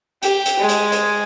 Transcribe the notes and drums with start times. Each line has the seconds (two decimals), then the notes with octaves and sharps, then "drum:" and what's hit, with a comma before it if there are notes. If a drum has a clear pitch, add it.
0.23 G4, drum: hi-hat
0.46 drum: hi-hat
0.59 G#3
0.69 drum: hi-hat
0.92 drum: hi-hat